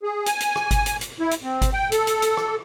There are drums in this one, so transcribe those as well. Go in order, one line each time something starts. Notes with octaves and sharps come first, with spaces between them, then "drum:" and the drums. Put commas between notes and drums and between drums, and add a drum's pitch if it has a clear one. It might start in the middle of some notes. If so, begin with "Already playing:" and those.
G#4
G#5, drum: hi-hat
drum: hi-hat
drum: rim click
drum: kick G1, hi-hat
drum: hi-hat
drum: hi-hat
E4
drum: hi-hat
C4
drum: kick G1, hi-hat
G5
A4, drum: hi-hat
drum: hi-hat
drum: hi-hat
drum: rim click